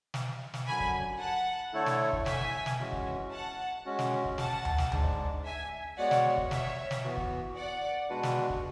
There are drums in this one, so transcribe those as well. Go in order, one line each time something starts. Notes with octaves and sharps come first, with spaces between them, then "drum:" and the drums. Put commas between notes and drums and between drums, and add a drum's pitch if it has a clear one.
drum: snare
drum: snare
F#2 D3 F#3 G#5 B5
drum: kick
F#5 A5
D3 A3 E4 A4 C#5
drum: snare
drum: kick
E5 G#5, drum: snare
drum: snare
E3 G#3 C#4 F#4
drum: kick
F#5 A5
G#3 C#4 F#4
drum: snare
drum: kick
F#5 A5, drum: snare
drum: tom D2
drum: snare
G#2 G#3 D4, drum: tom D2
drum: kick
E5 G#5
G#3 B3 F#4 C#5 D5 F#5
drum: snare
drum: kick
C#5 E5, drum: snare
drum: snare
E3 B3 F#4
drum: kick
D5 F#5
B2 G#3 D4 F#4 B4
drum: snare
drum: kick